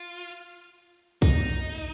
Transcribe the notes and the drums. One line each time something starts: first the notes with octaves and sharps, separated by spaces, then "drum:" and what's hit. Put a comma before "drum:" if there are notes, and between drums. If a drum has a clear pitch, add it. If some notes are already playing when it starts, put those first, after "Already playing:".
Already playing: F4
D#4, drum: kick